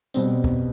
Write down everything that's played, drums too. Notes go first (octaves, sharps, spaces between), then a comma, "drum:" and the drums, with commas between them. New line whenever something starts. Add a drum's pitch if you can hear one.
B2 G3 C4, drum: tambourine
drum: kick